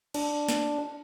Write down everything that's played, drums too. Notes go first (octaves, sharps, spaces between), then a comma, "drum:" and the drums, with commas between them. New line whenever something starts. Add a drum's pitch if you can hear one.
D4, drum: cymbal
drum: snare